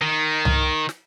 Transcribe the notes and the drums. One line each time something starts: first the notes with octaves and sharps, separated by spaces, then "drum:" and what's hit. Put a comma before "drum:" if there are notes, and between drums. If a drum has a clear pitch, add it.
D#3
drum: tom C2
drum: snare